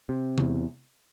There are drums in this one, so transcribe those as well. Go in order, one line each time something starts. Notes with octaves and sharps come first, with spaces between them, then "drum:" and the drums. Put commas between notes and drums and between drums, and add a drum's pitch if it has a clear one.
C3
E2, drum: tom C3